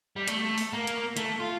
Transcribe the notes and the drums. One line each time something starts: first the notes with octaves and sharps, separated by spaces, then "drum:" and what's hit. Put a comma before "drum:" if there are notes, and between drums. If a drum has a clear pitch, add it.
G3
A3, drum: hi-hat
drum: open hi-hat
A#3
drum: hi-hat
A3, drum: hi-hat
F4